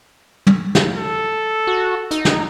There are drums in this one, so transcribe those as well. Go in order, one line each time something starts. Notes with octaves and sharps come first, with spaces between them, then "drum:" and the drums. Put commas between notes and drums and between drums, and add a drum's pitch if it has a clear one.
drum: tom
drum: snare
A4
F#4
D#4, drum: hi-hat
drum: snare